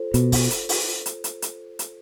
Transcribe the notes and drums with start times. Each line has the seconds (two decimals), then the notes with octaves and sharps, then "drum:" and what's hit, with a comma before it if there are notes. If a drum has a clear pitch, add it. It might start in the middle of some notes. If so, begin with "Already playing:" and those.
Already playing: F4 A4 C5
0.14 B2, drum: hi-hat
0.32 drum: kick, open hi-hat
0.51 drum: hi-hat
0.69 drum: open hi-hat
1.06 drum: hi-hat
1.24 drum: hi-hat
1.42 drum: hi-hat
1.79 drum: hi-hat